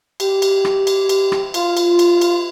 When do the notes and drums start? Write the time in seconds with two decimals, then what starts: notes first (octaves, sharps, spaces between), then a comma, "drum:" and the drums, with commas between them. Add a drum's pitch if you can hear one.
0.20 G4, drum: cymbal
0.42 drum: cymbal
0.65 drum: rim click
0.87 drum: cymbal
1.09 drum: cymbal
1.32 drum: rim click
1.54 F4, drum: cymbal
1.77 drum: cymbal
1.99 drum: cymbal
2.21 drum: cymbal